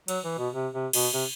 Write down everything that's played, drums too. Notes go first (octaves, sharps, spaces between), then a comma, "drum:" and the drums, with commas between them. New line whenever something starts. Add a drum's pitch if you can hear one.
F#3, drum: cymbal
E3
B2
C3
C3
B2, drum: cymbal
C3